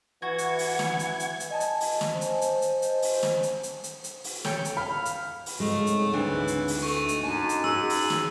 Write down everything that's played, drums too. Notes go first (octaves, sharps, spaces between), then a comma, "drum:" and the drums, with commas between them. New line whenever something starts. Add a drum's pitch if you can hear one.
E3 F#4 F#5 G#6
drum: hi-hat
drum: open hi-hat
drum: snare
drum: hi-hat
drum: hi-hat
drum: hi-hat
D#5 G#5 A5
drum: hi-hat
drum: open hi-hat
drum: snare
C5
drum: hi-hat
drum: hi-hat
drum: hi-hat
drum: hi-hat
drum: open hi-hat
drum: snare
drum: hi-hat
drum: hi-hat
drum: hi-hat
drum: hi-hat
drum: open hi-hat
A4 C#5 G5, drum: snare
drum: hi-hat
F5 B5
drum: hi-hat
drum: open hi-hat
G#2 C#3 G#3 A3 C4
drum: hi-hat
D2 E3 D4 G5
drum: hi-hat
drum: open hi-hat
A3 D#4 F#4 C#6
drum: hi-hat
F#2 G#5 A5
drum: hi-hat
F#2 G#4 E6
drum: open hi-hat
drum: snare